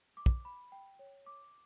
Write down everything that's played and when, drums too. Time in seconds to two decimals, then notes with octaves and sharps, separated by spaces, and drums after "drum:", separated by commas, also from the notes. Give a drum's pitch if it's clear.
0.17 D6
0.26 drum: kick
0.45 B5
0.72 G5
0.99 C#5
1.26 D6